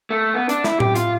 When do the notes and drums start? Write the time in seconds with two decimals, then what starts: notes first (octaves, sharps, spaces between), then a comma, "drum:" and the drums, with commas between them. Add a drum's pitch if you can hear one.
0.10 A3
0.34 B3
0.49 D4, drum: hi-hat
0.64 E4, drum: snare
0.80 G4, drum: tom A2
0.96 F4, drum: hi-hat